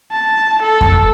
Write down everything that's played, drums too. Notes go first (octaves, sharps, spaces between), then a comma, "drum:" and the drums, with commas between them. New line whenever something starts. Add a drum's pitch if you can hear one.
A5
A4
drum: kick F2